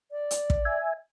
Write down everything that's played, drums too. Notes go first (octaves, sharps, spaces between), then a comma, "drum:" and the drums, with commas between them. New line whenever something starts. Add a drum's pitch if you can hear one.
D5
drum: hi-hat
drum: kick
E5 G#5